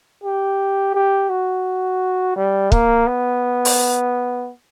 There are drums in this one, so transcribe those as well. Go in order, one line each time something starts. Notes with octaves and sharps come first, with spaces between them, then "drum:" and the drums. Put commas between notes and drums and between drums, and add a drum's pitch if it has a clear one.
G4
G4
F#4
G3
A#3, drum: kick
B3
drum: open hi-hat